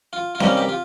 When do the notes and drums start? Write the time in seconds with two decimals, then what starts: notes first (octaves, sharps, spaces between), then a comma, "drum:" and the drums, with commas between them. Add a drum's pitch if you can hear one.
0.13 F4
0.35 F4
0.40 C3 G3 A#3 C#4 D#4, drum: snare C4
0.57 G4
0.69 F4